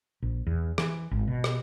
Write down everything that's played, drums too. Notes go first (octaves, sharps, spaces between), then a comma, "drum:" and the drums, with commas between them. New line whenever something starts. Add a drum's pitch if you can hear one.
A#1
E2
E3, drum: rim click
G#1
B2
drum: rim click